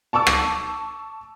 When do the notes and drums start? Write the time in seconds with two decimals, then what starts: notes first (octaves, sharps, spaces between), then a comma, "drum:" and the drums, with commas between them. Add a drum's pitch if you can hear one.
0.13 A5 C#6 D6 E6
0.27 drum: rim click